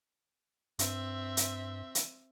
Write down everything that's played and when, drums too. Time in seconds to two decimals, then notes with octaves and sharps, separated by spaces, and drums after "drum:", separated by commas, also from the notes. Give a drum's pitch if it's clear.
0.79 G2 C4 E5, drum: hi-hat
1.37 drum: hi-hat
1.95 drum: hi-hat